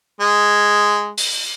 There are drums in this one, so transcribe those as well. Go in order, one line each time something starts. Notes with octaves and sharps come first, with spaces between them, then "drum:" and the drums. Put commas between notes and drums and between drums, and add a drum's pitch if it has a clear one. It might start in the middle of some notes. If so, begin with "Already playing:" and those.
G#3
drum: open hi-hat